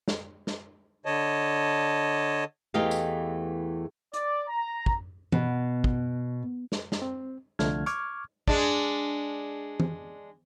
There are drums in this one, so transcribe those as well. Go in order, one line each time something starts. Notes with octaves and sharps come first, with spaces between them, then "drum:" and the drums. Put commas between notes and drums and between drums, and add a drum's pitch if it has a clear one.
drum: snare
drum: snare
D3 C#5 D#5 A5
E2 E3 A3 G4 D#5 F5
drum: tambourine
D5, drum: hi-hat
A#5
drum: kick
B2, drum: tom E3
drum: kick
drum: snare
drum: snare
C4
C2 D3 F3 A3 F6 G#6, drum: snare
C#6 D6 F6 G#6, drum: hi-hat
G#3 D4, drum: kick
drum: tom E3